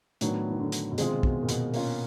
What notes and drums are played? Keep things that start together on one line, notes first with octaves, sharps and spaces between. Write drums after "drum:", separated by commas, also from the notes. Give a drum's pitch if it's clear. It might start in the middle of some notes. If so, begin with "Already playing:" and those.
A2 D#3 F#3 B3 D4, drum: hi-hat
D#3
D3
drum: hi-hat
B2
C3 D#3 G#3 C4 F4 G#4, drum: hi-hat
B2, drum: kick
A#2
B2, drum: hi-hat
A#3 C#4 F4, drum: open hi-hat